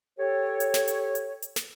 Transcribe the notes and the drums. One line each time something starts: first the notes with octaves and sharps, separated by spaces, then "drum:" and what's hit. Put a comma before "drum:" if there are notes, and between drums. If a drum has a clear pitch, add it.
G4 A4 C#5
drum: hi-hat
drum: snare
drum: hi-hat
drum: hi-hat
drum: hi-hat
drum: snare